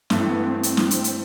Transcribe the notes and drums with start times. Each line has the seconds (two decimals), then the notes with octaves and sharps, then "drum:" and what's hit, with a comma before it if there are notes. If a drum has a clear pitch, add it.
0.10 G2 E3 A3 C4, drum: snare
0.29 B3
0.46 C4
0.63 C4, drum: hi-hat
0.77 drum: snare
0.91 drum: hi-hat
1.04 drum: hi-hat